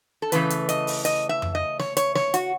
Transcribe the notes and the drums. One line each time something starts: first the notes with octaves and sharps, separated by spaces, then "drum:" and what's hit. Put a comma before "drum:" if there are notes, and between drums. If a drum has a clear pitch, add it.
A4
C#3 E3 A3 B4, drum: hi-hat
drum: hi-hat
D#5, drum: hi-hat
drum: open hi-hat
D#5, drum: hi-hat
E5
drum: tom F2
D#5
C#5, drum: snare
C#5, drum: hi-hat
C#5, drum: snare
F#4, drum: hi-hat